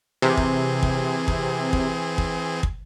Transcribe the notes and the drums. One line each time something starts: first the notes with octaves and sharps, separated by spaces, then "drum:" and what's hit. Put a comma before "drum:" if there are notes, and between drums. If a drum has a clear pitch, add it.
C3 E3 C4 G#4
drum: kick
drum: kick
drum: kick
drum: kick
drum: kick
drum: kick